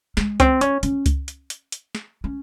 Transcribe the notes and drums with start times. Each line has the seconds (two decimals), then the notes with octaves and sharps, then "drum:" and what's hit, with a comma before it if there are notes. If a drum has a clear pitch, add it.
0.17 G#3, drum: snare
0.40 C4, drum: kick C#2, hi-hat
0.61 C#4, drum: hi-hat
0.83 C#4, drum: hi-hat
1.06 drum: kick C#2, hi-hat
1.28 drum: hi-hat
1.50 drum: hi-hat
1.72 drum: hi-hat
1.95 drum: snare
2.24 C#4